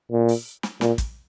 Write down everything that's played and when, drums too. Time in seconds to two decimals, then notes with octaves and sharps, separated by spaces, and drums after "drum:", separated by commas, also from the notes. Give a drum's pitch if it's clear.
0.12 A#2
0.28 drum: open hi-hat
0.63 drum: snare
0.81 A#2, drum: snare
0.98 drum: kick, hi-hat